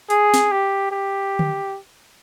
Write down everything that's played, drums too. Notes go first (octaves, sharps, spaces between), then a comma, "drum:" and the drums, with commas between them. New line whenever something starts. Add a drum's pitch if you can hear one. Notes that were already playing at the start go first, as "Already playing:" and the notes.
G#4, drum: hi-hat
drum: snare
G4
G4
drum: tom D3